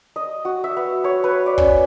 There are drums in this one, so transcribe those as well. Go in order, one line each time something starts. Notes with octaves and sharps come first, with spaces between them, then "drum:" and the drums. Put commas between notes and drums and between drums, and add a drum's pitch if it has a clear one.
D#5
F#4
E5
B3
C#5
B4
D5
C#4, drum: kick